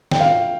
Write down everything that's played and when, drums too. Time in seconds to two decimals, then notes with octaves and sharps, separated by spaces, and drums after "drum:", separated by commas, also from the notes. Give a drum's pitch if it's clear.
0.11 G5, drum: snare
0.20 F5